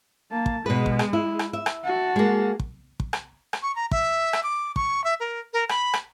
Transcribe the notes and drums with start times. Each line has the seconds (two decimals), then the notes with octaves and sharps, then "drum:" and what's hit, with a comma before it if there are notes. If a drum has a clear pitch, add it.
0.31 A#3 A5
0.46 drum: kick
0.66 B2 G#3 B4
0.86 drum: kick
0.99 drum: rim click
1.13 E4
1.39 drum: rim click
1.53 E5
1.66 drum: rim click
1.84 F#4 A5
2.16 G#3 A#3
2.60 drum: kick
3.00 drum: kick
3.13 drum: rim click
3.53 drum: rim click
3.63 C#6
3.76 A#5
3.91 E5, drum: kick
4.33 drum: rim click
4.43 D6
4.76 C#6, drum: kick
5.04 E5
5.20 A#4
5.53 A#4
5.69 B5, drum: rim click
5.94 drum: rim click